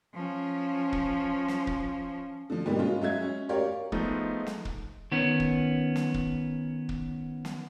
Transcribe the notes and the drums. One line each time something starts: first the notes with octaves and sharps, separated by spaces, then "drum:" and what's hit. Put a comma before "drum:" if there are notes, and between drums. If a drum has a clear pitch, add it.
F3 C#4
drum: kick
drum: snare
drum: kick
D3 F3
G#2 B2 G3 A#3
G#3 C#4 F4
F#3 G#3 E5 G#6
C#4
G4 A#4 C#5 D5 F5
F3 G#3 A3 B3 D#4, drum: kick
drum: snare
drum: kick
D#3 B3 C#4
drum: kick
drum: snare
drum: kick
drum: kick
drum: snare